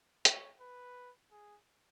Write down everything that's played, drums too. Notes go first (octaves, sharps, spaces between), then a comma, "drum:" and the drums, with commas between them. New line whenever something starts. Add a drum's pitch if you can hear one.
C#5, drum: hi-hat
B4
G#4